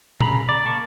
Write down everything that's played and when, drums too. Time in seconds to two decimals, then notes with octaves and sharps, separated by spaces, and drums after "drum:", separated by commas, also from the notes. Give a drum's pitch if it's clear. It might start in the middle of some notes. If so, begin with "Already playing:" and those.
0.21 C#3 A#5 B5, drum: tom A#2
0.49 D5
0.66 A#3 A5 C#6